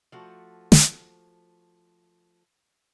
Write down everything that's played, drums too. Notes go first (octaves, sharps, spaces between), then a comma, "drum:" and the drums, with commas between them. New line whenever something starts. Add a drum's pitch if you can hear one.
F3 A3 F#4
drum: snare